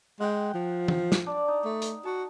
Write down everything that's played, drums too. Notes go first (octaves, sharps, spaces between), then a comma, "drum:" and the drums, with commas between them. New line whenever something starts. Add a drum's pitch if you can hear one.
G#3 F#5 G5
F3
drum: tom
drum: snare
D4 D5
D#4
A3
drum: hi-hat
F#4 A5